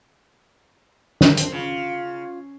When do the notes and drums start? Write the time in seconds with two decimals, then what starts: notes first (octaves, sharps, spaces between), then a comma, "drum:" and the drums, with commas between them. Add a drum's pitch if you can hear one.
1.21 drum: snare
1.37 C4 D4, drum: hi-hat
1.52 C#3 F4